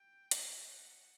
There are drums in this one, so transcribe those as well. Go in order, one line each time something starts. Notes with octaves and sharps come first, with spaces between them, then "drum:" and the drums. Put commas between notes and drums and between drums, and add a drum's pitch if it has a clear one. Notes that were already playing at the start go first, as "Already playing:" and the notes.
Already playing: G5
drum: hi-hat
F#5